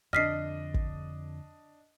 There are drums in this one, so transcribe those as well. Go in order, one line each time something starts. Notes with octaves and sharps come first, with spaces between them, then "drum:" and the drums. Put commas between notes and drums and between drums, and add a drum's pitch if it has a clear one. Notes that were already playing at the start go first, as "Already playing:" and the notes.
F2 D3 D4 D#5 F6 B6 C7
drum: kick